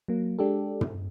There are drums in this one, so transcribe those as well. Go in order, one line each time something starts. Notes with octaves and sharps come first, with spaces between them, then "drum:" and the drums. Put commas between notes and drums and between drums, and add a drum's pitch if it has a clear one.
F#3 A#3
G#3 D4 G4 A4
drum: tom